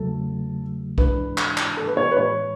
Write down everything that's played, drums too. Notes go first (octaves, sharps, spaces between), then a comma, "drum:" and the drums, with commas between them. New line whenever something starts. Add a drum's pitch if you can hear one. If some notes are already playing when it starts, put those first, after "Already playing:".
Already playing: E2 C#3 F#3 A3 A4
G#2 E3 G#3 D4 B4, drum: kick
drum: clap
drum: clap
A4
B4
C#5
B4
A2 E3 G#3 C#5